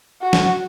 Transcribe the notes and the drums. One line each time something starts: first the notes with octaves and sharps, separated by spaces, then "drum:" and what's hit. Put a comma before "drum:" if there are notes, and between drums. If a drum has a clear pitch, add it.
F#4
drum: snare